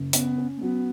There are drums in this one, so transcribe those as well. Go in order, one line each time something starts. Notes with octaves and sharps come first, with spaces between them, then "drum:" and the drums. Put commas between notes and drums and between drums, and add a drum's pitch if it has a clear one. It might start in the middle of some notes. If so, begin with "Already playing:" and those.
Already playing: F#1
B3 C#4, drum: hi-hat
C#4
A#3
F#3 B3